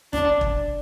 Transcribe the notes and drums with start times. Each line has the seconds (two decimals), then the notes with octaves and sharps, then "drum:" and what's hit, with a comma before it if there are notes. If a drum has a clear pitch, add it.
0.13 D4, drum: snare
0.41 drum: kick